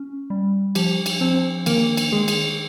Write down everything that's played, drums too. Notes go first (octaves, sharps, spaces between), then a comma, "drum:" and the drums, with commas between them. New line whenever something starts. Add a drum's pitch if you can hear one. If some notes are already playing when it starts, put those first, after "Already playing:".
Already playing: C#4
G3
F3 G4, drum: cymbal
drum: cymbal
F3 C4 C5
D#3 A#3 A#4, drum: cymbal
drum: cymbal
D#3 G#3 G#4
drum: cymbal